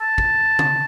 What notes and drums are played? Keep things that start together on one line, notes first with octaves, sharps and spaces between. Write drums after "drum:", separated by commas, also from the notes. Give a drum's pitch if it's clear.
A5
drum: kick
drum: tom C#3